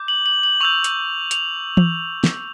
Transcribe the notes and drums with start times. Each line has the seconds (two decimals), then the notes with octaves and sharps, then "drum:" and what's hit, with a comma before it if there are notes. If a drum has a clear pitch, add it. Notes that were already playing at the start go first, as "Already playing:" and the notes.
Already playing: D6 G6
0.08 F#7
0.26 F#7
0.43 F#7
0.61 C#6 E6 G6 F7
0.84 drum: hi-hat
1.31 F7, drum: hi-hat
1.77 drum: tom E3
2.24 drum: snare